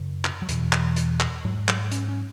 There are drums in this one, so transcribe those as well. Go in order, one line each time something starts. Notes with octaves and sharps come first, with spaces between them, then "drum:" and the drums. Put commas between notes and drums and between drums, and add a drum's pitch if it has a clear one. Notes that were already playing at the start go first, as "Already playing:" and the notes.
Already playing: F#2 C#3
drum: clap
F#3
E2 B2 E3, drum: hi-hat
drum: clap
drum: hi-hat
drum: clap
G#2 F#3
F#3, drum: clap
C#4, drum: hi-hat
C#4